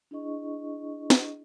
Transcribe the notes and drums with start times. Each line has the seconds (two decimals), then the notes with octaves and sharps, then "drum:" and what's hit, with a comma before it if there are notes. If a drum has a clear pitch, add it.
0.11 D4 E4 G#4 D#5 C#6
1.10 drum: snare